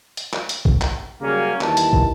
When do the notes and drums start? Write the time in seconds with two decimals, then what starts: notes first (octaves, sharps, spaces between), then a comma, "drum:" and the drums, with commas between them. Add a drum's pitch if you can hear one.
0.17 drum: hi-hat
0.33 drum: clap
0.49 drum: hi-hat
0.65 drum: kick
0.81 drum: clap
1.21 C#3 F#3 G3 A#3 C#4
1.61 D#2 E3 G3 A5, drum: clap
1.77 drum: hi-hat
1.93 drum: kick